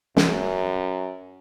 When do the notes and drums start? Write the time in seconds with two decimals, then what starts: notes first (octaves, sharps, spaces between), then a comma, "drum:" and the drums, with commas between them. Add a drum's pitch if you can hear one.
0.17 F#2, drum: snare